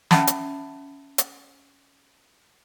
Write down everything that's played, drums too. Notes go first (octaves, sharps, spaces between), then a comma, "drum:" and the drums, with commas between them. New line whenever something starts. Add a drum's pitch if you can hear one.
C#4 E5 F#5 A5 B5, drum: snare
drum: hi-hat
drum: hi-hat